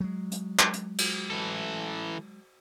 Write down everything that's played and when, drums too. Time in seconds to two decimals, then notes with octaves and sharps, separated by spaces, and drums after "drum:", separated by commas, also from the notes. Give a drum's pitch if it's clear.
0.01 F#3 G#3
0.32 drum: hi-hat
0.59 drum: clap
0.74 drum: hi-hat
0.98 drum: cymbal
1.30 E3 A4